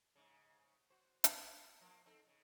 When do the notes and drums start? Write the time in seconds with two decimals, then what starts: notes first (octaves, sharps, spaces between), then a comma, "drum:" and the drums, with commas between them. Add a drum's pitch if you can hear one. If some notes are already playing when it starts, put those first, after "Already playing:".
0.16 G#2 C#3
0.90 F#4 C5
1.24 drum: hi-hat
1.81 F3 A#3
2.06 C4 D#4 A4
2.27 C#3